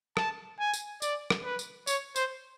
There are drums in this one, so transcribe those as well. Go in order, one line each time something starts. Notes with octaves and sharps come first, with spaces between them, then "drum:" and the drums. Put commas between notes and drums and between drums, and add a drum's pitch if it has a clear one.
A5, drum: rim click
G#5
drum: tambourine
D5, drum: tambourine
drum: rim click
B4
drum: tambourine
C#5, drum: tambourine
C5, drum: tambourine